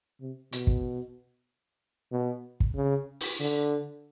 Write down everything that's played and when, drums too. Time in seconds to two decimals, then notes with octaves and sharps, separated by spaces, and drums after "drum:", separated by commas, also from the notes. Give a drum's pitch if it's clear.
0.21 C3
0.52 B2, drum: hi-hat
0.67 drum: kick
2.12 B2
2.60 drum: kick
2.76 C#3
3.21 drum: open hi-hat
3.40 D3